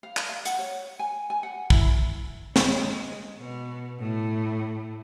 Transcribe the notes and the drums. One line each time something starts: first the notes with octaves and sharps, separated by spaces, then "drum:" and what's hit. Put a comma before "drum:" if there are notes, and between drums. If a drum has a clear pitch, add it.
F5
drum: clap
F5
F#5, drum: hi-hat
C#5
G#5
G#5
F#5
E4, drum: kick
G#3, drum: snare
B2
A2